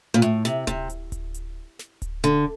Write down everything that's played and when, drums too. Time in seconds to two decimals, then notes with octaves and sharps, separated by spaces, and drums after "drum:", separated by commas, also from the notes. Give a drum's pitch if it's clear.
0.14 A#2
0.22 A2, drum: hi-hat
0.45 C3, drum: snare
0.67 C3, drum: kick D1, hi-hat
0.90 drum: hi-hat
1.12 drum: kick D1, hi-hat
1.34 drum: hi-hat
1.79 drum: snare
2.02 drum: kick D1, hi-hat
2.24 D3, drum: hi-hat